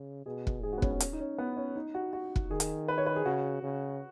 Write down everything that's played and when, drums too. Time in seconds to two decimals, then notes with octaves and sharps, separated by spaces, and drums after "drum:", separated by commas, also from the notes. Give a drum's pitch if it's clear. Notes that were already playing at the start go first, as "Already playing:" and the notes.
Already playing: C#3
0.26 B2 G#4
0.47 drum: kick
0.63 G#2 G#4
0.73 F#4
0.78 B3
0.82 C#4, drum: kick
0.91 B3
1.00 C#4, drum: hi-hat
1.13 D#4
1.19 C#4
1.38 B3
1.57 C#4
1.76 D#4
1.95 F#4
2.13 F#4
2.36 drum: kick
2.51 D#3 G#4
2.60 drum: hi-hat
2.88 B4
2.98 C#5
3.06 B4
3.16 G#4
3.25 C#3 F#4
3.63 C#3